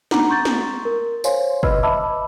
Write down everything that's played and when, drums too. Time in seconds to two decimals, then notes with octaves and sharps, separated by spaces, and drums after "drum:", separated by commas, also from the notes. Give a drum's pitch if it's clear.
0.11 D4 D#4 F#5 A#5 D6, drum: snare
0.29 A#5 C6 C#6 G6 A6
0.45 drum: snare
0.85 A#4
1.24 C5 C#5 F5 G#5 C6, drum: tambourine
1.63 B4 D#5 B5 E6 F6 G#6, drum: kick
1.83 D#5 E5 A5 B5 D6 E6